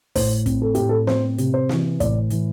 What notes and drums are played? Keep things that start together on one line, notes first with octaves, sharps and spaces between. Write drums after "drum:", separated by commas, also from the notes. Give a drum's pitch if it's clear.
A2 C5, drum: kick, open hi-hat
C4, drum: kick, hi-hat
A4
A2 G4, drum: hi-hat
A4
C4 C5, drum: snare
C3, drum: hi-hat
C5
E3, drum: snare
A2 D5, drum: kick, hi-hat
E3, drum: hi-hat